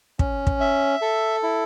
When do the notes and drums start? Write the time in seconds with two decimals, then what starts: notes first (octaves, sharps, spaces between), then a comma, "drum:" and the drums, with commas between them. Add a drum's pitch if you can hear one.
0.19 C#4, drum: kick
0.47 drum: kick
0.60 E5
1.02 A4
1.43 E4